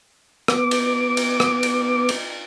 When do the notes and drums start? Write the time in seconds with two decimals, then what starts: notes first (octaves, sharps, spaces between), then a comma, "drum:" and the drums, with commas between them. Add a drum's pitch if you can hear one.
0.48 B3 D6, drum: rim click
0.71 drum: cymbal
1.17 drum: cymbal
1.40 drum: rim click
1.63 drum: cymbal
2.09 drum: cymbal